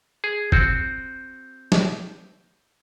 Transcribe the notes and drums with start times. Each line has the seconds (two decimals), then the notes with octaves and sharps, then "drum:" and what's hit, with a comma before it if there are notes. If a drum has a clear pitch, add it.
0.24 G#4
0.52 C4 F#4 G6, drum: kick
1.72 drum: snare